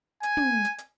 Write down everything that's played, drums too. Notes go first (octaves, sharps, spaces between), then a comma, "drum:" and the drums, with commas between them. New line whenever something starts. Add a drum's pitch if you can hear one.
G#5, drum: hi-hat
drum: tom
drum: hi-hat
drum: hi-hat